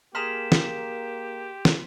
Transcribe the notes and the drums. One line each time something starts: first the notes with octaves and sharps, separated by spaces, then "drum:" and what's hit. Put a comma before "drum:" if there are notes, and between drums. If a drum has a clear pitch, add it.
A#3 G4 G#4 A#5 C6 F6 B6 E7
drum: snare
drum: snare